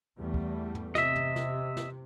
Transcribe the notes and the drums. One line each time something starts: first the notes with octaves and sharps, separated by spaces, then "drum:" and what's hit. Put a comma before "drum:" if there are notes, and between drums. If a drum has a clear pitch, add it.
E2 G3 A3
drum: kick
drum: tom
C3 D#5 E5, drum: snare
drum: tom
drum: snare
drum: snare